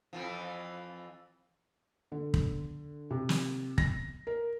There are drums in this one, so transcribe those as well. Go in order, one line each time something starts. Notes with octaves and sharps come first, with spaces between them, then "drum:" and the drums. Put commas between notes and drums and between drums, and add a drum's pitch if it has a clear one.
F2 E3 F3
D3
drum: kick
C3
drum: snare
A#6, drum: kick
A#4